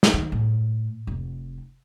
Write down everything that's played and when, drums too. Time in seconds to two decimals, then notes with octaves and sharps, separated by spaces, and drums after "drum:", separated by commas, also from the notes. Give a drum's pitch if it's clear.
0.03 drum: snare
0.14 D#3
0.32 A2
1.07 F1